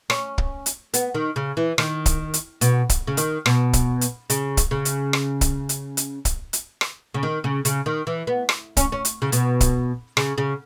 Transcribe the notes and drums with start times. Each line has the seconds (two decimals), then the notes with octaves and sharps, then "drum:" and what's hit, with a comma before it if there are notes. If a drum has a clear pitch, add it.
0.10 C#4, drum: rim click
0.38 drum: kick
0.66 drum: hi-hat
0.94 B3, drum: hi-hat
1.14 D#3
1.36 C#3
1.57 E3
1.78 D#3, drum: rim click
2.06 drum: kick, hi-hat
2.34 drum: hi-hat
2.61 B2, drum: hi-hat
2.89 drum: kick, hi-hat
3.07 C#3
3.17 D#3, drum: hi-hat
3.46 B2, drum: rim click
3.73 drum: kick, hi-hat
4.01 drum: hi-hat
4.30 C#3, drum: hi-hat
4.57 drum: kick, hi-hat
4.71 C#3
4.85 drum: hi-hat
5.13 drum: rim click
5.41 drum: kick, hi-hat
5.69 drum: hi-hat
5.97 drum: hi-hat
6.25 drum: kick, hi-hat
6.53 drum: hi-hat
6.81 drum: rim click
7.14 C#3
7.23 D#3
7.44 C#3
7.65 C#3, drum: hi-hat
7.86 D#3
8.07 E3
8.27 B3
8.49 drum: rim click
8.77 C#4, drum: kick, hi-hat
8.92 C#4
9.05 drum: hi-hat
9.22 C#3
9.32 B2, drum: hi-hat
9.61 drum: kick, hi-hat
10.17 C#3, drum: rim click
10.38 C#3